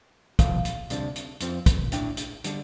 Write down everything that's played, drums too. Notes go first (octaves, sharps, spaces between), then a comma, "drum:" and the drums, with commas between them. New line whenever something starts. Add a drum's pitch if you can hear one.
C2 C3 F3 F5, drum: kick, hi-hat
drum: hi-hat
D2 C3 G3 D4, drum: hi-hat
drum: hi-hat
F2 F3 C4, drum: hi-hat
drum: kick, hi-hat
A2 A3 D4 G5, drum: hi-hat
drum: hi-hat
D3 G3 D4, drum: hi-hat